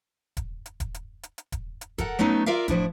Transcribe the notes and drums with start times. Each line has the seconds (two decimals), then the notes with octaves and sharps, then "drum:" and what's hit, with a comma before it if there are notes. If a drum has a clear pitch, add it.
0.37 drum: kick D#1, hi-hat
0.66 drum: hi-hat
0.80 drum: kick D#1, hi-hat
0.94 drum: hi-hat
1.23 drum: hi-hat
1.38 drum: hi-hat
1.52 drum: kick D#1, hi-hat
1.81 drum: hi-hat
1.98 A4 A#4 F#5, drum: kick D#1, hi-hat
2.19 F#3 A3 B3 C#4 D#4
2.46 F4 A#4 D5 E5 F5
2.68 A2 F3 D4 E4, drum: kick D#1, hi-hat